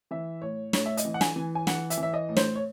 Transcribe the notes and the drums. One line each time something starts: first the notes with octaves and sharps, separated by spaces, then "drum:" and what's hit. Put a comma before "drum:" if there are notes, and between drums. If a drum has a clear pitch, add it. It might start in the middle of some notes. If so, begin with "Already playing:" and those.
E3 E5
A2 C#5
A2 C#5, drum: snare
E5
D#5, drum: hi-hat
E3
F#5
G#5, drum: snare
E3
G#5
E3 F#5, drum: snare
E5, drum: hi-hat
E3
E5
D#5
A2
C5, drum: snare
C#5